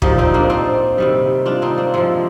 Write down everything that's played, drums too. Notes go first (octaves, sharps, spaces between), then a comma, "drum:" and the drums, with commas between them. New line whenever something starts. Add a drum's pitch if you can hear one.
A#2 F3 D#4 G4, drum: kick
C4 D#4
A#3 D4
C4 D#4
C3 D#3 G3
D4 F4
C4 D#4
A#3 D4
C3 F3 G#3 C4